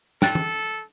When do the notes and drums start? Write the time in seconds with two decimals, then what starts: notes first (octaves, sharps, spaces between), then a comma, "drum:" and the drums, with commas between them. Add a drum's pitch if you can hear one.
0.22 A4 G5 F#6 A6, drum: snare
0.35 drum: tom